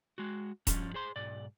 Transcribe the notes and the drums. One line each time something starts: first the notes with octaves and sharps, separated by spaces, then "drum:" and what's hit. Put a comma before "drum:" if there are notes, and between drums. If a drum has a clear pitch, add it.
G#3 F#4
G2 F3 C#4, drum: kick D#1, hi-hat
G#4 C5 C6
B1 G#2 D5